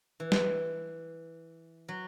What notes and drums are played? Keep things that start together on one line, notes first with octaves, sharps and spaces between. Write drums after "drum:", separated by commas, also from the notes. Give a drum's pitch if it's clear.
E3
drum: snare
F#3